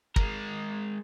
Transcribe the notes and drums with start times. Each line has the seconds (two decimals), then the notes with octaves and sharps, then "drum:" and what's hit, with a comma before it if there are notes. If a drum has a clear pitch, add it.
0.16 G#3 A#4, drum: kick